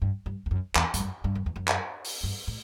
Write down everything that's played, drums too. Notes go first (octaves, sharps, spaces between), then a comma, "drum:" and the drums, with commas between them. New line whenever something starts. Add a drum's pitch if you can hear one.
G2
G2
E2
F#2
E2, drum: clap
G2, drum: hi-hat
F#2
G2
F#2
E2
F#2
drum: clap
drum: open hi-hat
G2
A2